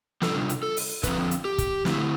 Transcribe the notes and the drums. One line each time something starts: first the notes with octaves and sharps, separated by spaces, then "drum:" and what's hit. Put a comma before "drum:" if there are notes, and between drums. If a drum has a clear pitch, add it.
C3 G3 D4 F4 A4, drum: snare
drum: hi-hat
A4
drum: open hi-hat
D3 F3 C4 B4, drum: kick, hi-hat
drum: hi-hat
G4
drum: kick, hi-hat
D3 A3 C4 E4, drum: snare